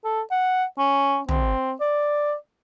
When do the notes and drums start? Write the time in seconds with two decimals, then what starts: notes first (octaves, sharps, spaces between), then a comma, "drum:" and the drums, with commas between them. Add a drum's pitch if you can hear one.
0.04 A4
0.31 F#5
0.79 C#4
1.29 C4, drum: tom
1.81 D5